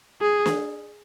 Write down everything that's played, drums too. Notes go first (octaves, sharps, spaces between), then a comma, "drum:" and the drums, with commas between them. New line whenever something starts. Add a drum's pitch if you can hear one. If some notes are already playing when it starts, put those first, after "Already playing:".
G#4
drum: snare